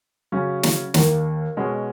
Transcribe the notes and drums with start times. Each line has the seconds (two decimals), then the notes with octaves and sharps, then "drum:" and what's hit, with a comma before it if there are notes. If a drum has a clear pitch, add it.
0.32 C#3 F#3 C#4
0.63 drum: snare
0.94 D#2 D#3 A#3, drum: snare
1.57 B2 G#3 C#4 F#4 C#5